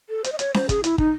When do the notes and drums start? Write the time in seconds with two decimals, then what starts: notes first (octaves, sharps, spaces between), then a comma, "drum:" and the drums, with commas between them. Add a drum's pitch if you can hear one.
0.09 A4
0.24 C5, drum: hi-hat
0.32 D#5
0.39 C#5, drum: hi-hat
0.54 C5, drum: snare C#4
0.69 G#4, drum: kick, hi-hat
0.84 E4, drum: hi-hat
0.98 D#4, drum: kick